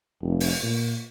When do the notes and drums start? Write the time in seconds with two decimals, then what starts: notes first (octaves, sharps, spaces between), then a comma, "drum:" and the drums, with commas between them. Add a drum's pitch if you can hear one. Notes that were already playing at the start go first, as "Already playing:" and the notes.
0.22 F1
0.40 drum: open hi-hat
0.63 A#2